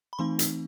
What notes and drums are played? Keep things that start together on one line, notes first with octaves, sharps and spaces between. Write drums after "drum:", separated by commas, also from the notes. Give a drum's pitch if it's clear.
B5
E3 A3 C4 D#4 C6
drum: hi-hat